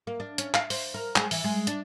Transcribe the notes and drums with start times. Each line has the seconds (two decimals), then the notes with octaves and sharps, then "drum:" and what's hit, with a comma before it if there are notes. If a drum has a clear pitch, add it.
0.07 A#3
0.20 D4
0.38 C#4, drum: hi-hat
0.54 F5, drum: clap
0.70 C5, drum: open hi-hat
0.94 A#4
1.16 G#3, drum: clap
1.31 E3, drum: open hi-hat
1.44 G#3
1.67 D4, drum: hi-hat